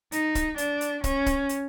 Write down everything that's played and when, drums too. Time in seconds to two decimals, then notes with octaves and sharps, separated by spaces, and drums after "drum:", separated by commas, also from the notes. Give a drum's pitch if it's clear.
0.12 D#4, drum: hi-hat
0.35 drum: kick, hi-hat
0.58 D4, drum: hi-hat
0.81 drum: hi-hat
1.04 C#4, drum: kick, hi-hat
1.26 drum: kick, hi-hat
1.49 drum: hi-hat